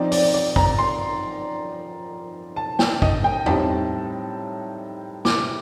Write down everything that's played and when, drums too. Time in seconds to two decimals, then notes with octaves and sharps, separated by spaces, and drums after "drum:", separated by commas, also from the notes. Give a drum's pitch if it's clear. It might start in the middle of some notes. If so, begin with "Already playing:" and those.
Already playing: F3 C4 D#4 D5
0.12 D5, drum: open hi-hat
0.34 D5
0.56 A#5, drum: kick
0.78 C6
2.56 A5
2.79 G5, drum: snare
3.02 D#5, drum: kick
3.24 G5
3.46 A2 G3 C4 D#4 A5, drum: tom E2
5.25 D6, drum: snare